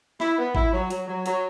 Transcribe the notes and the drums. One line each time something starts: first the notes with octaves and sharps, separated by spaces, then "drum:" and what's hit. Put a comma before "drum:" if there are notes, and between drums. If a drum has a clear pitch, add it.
E4, drum: snare
B3
E4, drum: kick
F#3
F#3, drum: hi-hat
F#3
F#3, drum: hi-hat